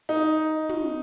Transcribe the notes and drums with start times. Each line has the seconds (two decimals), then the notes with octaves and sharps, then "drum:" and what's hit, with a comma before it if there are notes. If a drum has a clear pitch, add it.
0.09 D#4
0.69 drum: tom